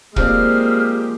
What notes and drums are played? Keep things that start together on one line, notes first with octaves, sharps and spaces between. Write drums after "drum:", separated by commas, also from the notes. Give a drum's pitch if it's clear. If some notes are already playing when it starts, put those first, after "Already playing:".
F3 G#3 A#3 C4 G4 D5 F6, drum: kick